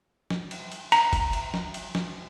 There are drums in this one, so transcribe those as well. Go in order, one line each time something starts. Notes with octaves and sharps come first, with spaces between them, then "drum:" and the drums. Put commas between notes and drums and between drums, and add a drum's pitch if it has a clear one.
drum: snare
drum: cymbal
drum: cymbal
A#5, drum: cymbal
drum: kick, cymbal
drum: cymbal
drum: snare
drum: cymbal
drum: snare